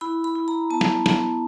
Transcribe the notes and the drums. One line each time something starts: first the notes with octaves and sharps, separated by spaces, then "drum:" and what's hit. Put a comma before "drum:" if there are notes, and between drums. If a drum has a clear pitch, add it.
E4 B5
B5
E4
A#5
B3 A5
drum: snare
B3, drum: snare